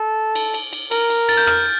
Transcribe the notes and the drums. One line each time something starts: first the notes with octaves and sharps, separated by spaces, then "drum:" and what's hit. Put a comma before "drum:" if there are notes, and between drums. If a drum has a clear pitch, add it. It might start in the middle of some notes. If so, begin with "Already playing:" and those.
Already playing: A4
drum: cymbal
drum: cymbal
drum: cymbal
A#4, drum: cymbal
drum: cymbal
A6, drum: cymbal
G6
F6, drum: rim click